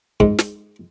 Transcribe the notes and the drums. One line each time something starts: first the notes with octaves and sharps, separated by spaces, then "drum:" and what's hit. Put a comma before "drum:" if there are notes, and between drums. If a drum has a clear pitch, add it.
G#2, drum: kick
drum: snare